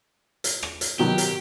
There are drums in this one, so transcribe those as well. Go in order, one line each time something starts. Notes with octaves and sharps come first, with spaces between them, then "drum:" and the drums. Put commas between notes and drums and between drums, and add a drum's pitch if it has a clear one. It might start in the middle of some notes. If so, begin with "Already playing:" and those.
drum: hi-hat
drum: rim click
drum: hi-hat
B2 D#3 F#3 G4
drum: hi-hat